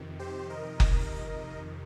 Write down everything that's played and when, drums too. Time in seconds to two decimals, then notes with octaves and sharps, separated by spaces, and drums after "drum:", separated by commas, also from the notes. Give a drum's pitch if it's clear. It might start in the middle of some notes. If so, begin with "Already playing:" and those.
Already playing: F2 C3 D#3
0.19 G4 C5
0.50 A#4 D#5
0.80 drum: kick F#1